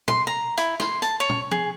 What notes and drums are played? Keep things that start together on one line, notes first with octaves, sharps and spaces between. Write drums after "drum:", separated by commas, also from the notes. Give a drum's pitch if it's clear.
C6, drum: tom
A#5
E4, drum: hi-hat
C6, drum: snare
A5, drum: hi-hat
C#5
drum: tom
G#4, drum: tom F3